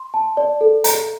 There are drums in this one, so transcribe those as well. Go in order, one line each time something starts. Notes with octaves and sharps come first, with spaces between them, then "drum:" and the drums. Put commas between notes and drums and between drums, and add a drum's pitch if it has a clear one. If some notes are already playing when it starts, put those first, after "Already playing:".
Already playing: C6
A5
D5
A4
A#5, drum: hi-hat